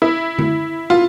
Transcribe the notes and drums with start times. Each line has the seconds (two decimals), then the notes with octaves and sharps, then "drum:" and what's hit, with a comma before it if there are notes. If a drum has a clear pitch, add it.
0.02 E4
0.39 drum: tom D3
0.90 F4